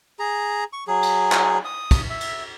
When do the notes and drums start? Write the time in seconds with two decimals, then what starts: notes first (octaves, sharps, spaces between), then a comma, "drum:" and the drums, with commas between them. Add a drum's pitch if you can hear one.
0.19 G#4 A#5
0.73 C#6
0.88 F#3 G#4
1.03 drum: cymbal
1.32 drum: clap
1.65 D#6
1.91 drum: kick, cymbal
2.10 E5
2.20 drum: cymbal